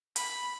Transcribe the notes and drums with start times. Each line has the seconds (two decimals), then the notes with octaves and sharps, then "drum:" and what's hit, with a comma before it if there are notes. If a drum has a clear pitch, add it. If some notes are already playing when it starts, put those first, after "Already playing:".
0.16 B5, drum: hi-hat